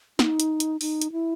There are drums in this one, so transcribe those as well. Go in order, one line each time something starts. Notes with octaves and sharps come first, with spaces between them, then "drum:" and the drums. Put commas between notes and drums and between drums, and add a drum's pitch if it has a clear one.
D#4, drum: snare
drum: hi-hat
drum: hi-hat
D#4, drum: open hi-hat
drum: hi-hat
E4